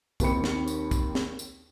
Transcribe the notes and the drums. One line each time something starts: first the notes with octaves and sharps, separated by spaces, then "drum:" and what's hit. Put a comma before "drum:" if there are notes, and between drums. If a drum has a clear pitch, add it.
D#2 D#3 C4 B5 C#7, drum: kick, tambourine
drum: snare
drum: tambourine
drum: kick, tambourine
drum: snare
drum: tambourine